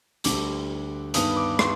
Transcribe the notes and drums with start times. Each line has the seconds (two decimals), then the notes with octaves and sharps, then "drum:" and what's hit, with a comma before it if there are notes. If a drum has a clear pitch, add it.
0.24 D2 D3 G3 D6, drum: hi-hat
1.14 G2 D#3 B3 D#6, drum: hi-hat
1.37 D6
1.59 C6, drum: rim click